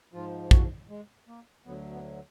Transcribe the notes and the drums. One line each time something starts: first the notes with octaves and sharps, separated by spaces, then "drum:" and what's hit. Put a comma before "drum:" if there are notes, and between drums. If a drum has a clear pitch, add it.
G#2 F3 F4
F#4, drum: kick A#1
G#3
A#3
D2 D3 F#3 B3
B3